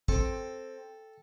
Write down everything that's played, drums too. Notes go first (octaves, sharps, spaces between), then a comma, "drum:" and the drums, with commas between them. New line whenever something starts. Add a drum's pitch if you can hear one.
C4 A4, drum: kick